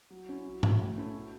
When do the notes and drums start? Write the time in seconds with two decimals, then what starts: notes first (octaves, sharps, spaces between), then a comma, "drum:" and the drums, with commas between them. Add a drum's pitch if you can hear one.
0.10 F#3
0.29 C#4 E4
0.46 F#3
0.63 C#4 E4, drum: tom G#2
0.80 A2
0.97 A3 C#4 E4
1.14 B2